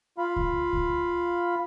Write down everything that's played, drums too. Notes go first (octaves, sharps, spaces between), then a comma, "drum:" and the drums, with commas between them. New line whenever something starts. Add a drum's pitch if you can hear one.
F4 F5 B5
drum: kick C#2
drum: kick C#2